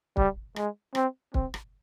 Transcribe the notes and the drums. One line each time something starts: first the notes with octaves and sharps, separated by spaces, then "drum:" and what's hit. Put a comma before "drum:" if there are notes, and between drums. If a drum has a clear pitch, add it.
G3, drum: kick
G#3, drum: rim click
C4, drum: rim click
C4, drum: kick
drum: rim click